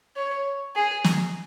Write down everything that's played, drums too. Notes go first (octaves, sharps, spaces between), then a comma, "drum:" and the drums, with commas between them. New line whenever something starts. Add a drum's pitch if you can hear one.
C#5
G#4
drum: snare